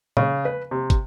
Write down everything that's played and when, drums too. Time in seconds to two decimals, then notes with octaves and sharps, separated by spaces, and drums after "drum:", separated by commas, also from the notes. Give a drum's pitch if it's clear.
0.17 C#3, drum: tom A#2
0.45 B4
0.71 C3
0.90 drum: kick, hi-hat